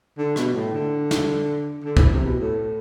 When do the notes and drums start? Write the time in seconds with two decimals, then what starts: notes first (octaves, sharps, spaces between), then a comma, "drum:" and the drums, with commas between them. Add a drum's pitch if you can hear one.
0.18 D3
0.36 B2, drum: rim click
0.54 A2
0.73 D3
1.11 drum: snare
1.84 D3
1.97 E3, drum: kick
2.12 C3
2.24 B2
2.39 A2